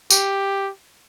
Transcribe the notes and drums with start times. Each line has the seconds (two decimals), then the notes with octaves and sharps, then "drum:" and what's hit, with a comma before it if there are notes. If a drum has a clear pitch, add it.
0.10 G4, drum: tambourine